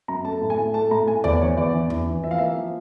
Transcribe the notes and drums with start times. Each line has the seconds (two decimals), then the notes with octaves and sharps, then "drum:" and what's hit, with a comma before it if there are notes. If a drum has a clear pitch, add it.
0.08 F#2 A#5
0.25 A3 A5
0.41 A2
0.50 G#5
0.58 A2
0.74 A3 A5
0.91 A2 A#5
1.07 A2 G#5
1.24 E2 D5, drum: tom E2
1.41 E3 C#5
1.57 E2 D5
1.73 E3
1.90 E3, drum: tom E2
2.07 E3
2.24 F3 E5
2.31 F5
2.38 A#3 E5
2.57 F3